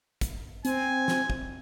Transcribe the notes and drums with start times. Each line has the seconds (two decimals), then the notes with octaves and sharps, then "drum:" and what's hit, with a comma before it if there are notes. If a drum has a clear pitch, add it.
0.21 drum: kick, hi-hat
0.65 C4 G#5, drum: hi-hat
1.08 drum: snare
1.30 drum: kick